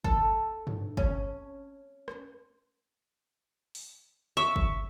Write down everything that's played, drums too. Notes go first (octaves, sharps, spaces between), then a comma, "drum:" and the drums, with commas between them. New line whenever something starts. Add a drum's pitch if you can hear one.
A4, drum: kick G1
drum: tom G2
C#4, drum: kick G1
drum: rim click
drum: open hi-hat
E5 C#6
drum: kick G1